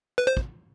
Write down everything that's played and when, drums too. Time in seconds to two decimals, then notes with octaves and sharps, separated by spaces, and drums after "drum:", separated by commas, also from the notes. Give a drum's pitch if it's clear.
0.18 B4
0.27 C5
0.37 drum: kick